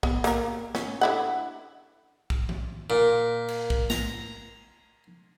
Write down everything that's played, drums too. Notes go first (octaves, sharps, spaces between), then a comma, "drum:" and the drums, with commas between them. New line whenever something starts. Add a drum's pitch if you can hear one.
B3, drum: kick
A#3 A#4, drum: hi-hat
C#4, drum: snare
D3 E4 F#5
drum: kick
drum: tom D#3
A#2
drum: cymbal
drum: kick
A#5, drum: snare